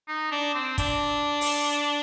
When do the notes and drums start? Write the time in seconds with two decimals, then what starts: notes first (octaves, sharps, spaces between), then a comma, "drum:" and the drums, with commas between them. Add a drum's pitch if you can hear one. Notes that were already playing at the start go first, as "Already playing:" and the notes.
0.08 D#4
0.31 D4
0.54 C4
0.78 D4, drum: kick, hi-hat
1.41 drum: open hi-hat